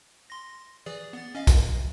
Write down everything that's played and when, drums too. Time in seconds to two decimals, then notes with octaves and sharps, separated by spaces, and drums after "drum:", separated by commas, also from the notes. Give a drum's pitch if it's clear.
0.30 C6 A#6
0.86 E3 G#4 D5
1.13 B3 A6
1.35 C#4 D#5 F5
1.47 drum: kick, hi-hat